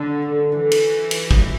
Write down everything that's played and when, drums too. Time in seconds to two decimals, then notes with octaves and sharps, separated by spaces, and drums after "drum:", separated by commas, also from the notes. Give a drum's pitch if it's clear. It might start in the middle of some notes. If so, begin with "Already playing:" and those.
Already playing: D3 D4
0.22 A3
0.52 D3 E3
0.71 drum: cymbal
0.81 F#4
1.11 drum: cymbal
1.31 drum: kick